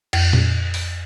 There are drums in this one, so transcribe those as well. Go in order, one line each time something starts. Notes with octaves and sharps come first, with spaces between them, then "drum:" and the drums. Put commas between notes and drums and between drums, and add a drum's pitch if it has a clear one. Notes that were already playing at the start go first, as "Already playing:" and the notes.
F2, drum: cymbal
drum: tom A#2
drum: open hi-hat